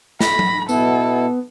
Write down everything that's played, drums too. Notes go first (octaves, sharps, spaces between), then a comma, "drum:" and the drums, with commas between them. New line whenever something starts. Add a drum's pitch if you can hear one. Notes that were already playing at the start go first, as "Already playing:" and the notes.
B5 A#6, drum: snare
drum: tom F#3
B2 B3 E4 A4, drum: tambourine